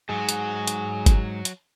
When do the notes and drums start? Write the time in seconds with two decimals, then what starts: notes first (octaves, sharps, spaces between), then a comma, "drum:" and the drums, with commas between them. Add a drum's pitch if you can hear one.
0.09 G#2 F#3 G#4
0.29 drum: hi-hat
0.68 drum: hi-hat
1.06 drum: kick G1, hi-hat
1.45 drum: hi-hat